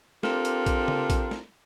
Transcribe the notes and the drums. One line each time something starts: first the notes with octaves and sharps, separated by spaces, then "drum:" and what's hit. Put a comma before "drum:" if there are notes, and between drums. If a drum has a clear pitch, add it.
C4 D4 F4 G4 A4 A#4, drum: snare
drum: hi-hat
drum: kick A#1, hi-hat
drum: tom C#3
drum: kick A#1, hi-hat
drum: snare